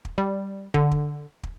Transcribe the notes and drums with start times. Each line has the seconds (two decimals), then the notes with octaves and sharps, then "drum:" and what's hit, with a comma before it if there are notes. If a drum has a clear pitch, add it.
0.05 drum: kick
0.18 G3
0.74 D3, drum: kick
0.91 drum: kick
1.43 drum: kick